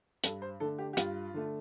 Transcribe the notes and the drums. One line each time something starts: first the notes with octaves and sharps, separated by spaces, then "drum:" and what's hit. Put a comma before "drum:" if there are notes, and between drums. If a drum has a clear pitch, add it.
G2 A4, drum: hi-hat
C5
D3 A3 A4
G4
G4
G2 F4, drum: hi-hat
D3 A3